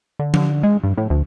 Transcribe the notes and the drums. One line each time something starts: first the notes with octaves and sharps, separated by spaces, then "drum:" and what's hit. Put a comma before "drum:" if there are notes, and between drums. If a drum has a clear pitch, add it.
D3
D3, drum: tom F3
G#3
G2
A2
D2